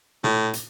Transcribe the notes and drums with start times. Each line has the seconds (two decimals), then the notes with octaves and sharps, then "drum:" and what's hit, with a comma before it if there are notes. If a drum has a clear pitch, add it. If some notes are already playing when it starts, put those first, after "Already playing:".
0.24 A2, drum: tom A#2
0.53 drum: hi-hat